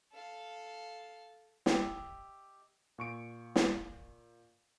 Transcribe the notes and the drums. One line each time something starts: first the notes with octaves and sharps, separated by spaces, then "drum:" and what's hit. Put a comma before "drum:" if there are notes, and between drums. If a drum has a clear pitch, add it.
A4 F5
G4 D#5 E5, drum: snare
A#2 C#6 D7
drum: snare